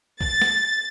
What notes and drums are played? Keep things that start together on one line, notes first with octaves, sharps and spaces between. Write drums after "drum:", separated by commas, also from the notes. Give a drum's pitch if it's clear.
A6, drum: kick B1
drum: snare